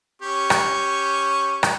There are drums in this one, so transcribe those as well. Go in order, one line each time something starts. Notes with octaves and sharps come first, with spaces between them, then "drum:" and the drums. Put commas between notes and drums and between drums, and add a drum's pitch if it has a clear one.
C#4 G4 C#6
drum: rim click
drum: rim click